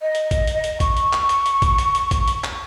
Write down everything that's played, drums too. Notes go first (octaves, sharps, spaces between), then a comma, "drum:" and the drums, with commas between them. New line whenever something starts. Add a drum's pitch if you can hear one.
D#5
drum: hi-hat
drum: kick G#1, hi-hat
drum: hi-hat
drum: hi-hat
C#6, drum: kick G#1, hi-hat
drum: hi-hat
drum: clap
drum: hi-hat
drum: hi-hat
drum: kick G#1, hi-hat
drum: hi-hat
drum: hi-hat
drum: kick G#1, hi-hat
drum: hi-hat
drum: clap